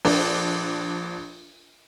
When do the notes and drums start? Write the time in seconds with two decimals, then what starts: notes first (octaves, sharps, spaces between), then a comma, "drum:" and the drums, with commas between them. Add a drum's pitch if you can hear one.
0.05 A#1 D4, drum: open hi-hat